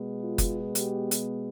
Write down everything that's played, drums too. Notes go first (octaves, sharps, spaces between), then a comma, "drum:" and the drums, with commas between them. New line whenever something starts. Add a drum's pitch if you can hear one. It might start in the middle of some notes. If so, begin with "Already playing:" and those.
Already playing: B2 G#3 B3
F4
drum: kick F#1, hi-hat
G4, drum: hi-hat
drum: hi-hat